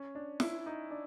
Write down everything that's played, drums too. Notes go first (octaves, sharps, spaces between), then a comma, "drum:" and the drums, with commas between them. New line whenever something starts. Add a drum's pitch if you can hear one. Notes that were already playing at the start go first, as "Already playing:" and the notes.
Already playing: C#4
D4
E4, drum: snare
D#4
D4